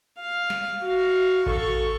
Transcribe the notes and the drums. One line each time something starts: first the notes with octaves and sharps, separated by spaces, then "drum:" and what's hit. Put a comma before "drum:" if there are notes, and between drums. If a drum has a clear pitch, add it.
F5
drum: snare
F#4 F5
A4 C#6, drum: kick A1